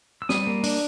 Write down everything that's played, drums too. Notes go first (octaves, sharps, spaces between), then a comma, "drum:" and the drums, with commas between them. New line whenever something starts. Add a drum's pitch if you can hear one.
E6
G3 D#6, drum: snare
A#3
D4, drum: open hi-hat